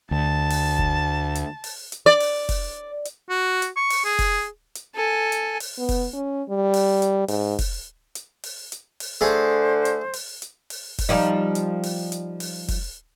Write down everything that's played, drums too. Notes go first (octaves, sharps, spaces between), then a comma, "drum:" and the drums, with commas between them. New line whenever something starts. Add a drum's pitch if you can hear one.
D2 A5
drum: open hi-hat
drum: kick F1
drum: hi-hat
drum: open hi-hat
drum: hi-hat
D5
drum: open hi-hat
drum: kick F1, open hi-hat
drum: hi-hat
F#4
drum: hi-hat
C#6
drum: open hi-hat
G#4
drum: kick F1, open hi-hat
drum: hi-hat
A4 G#5
drum: hi-hat
drum: open hi-hat
B3
drum: kick F1, open hi-hat
C#4
G3
drum: open hi-hat
drum: hi-hat
G#2, drum: open hi-hat
drum: kick F1, open hi-hat
drum: hi-hat
drum: open hi-hat
drum: hi-hat
drum: open hi-hat
D3 A3 G#4 C5
drum: hi-hat
drum: open hi-hat
drum: hi-hat
drum: open hi-hat
drum: kick F1, open hi-hat
F3 G3 D#4
drum: hi-hat
drum: open hi-hat
drum: hi-hat
drum: open hi-hat
drum: kick F1, open hi-hat